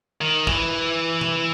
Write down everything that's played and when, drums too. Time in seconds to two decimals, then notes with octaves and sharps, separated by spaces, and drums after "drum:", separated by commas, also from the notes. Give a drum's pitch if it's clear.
0.21 D#3
0.47 E3, drum: kick
1.21 drum: tom B2